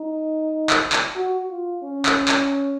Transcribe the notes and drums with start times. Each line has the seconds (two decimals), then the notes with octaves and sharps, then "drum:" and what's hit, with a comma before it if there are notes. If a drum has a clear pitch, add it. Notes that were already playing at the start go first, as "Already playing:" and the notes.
Already playing: D#4
0.70 drum: clap
0.93 drum: clap
1.15 F#4
1.50 F4
1.84 C#4
2.06 drum: clap
2.28 drum: clap